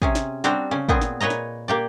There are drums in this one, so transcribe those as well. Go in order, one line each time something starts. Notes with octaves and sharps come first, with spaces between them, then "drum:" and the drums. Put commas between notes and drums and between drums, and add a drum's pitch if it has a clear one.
C3 C#4 G#4, drum: kick
drum: snare
G3 C4 D4 F#4 A#5, drum: snare
C#3 C#4
A#2 B3 C4 G#4, drum: kick
drum: snare
A#2 B4 C#5 D#5 A#5
drum: snare
A#3 G4 D5